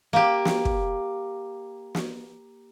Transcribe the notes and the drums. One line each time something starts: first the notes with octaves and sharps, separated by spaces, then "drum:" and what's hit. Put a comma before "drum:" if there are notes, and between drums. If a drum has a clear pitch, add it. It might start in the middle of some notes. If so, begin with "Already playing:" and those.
A#3 G4
drum: snare
drum: kick
drum: snare